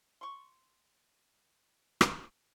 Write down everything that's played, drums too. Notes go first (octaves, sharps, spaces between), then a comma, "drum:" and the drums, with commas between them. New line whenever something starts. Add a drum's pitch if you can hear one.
C6 C#6
drum: rim click